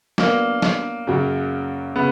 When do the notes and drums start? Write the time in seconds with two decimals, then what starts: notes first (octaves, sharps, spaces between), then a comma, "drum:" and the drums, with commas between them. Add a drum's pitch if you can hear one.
0.18 F#3 A#3 B3 D4, drum: snare
0.62 drum: snare
1.07 F#2 C#3 F#3
1.96 C#3 B3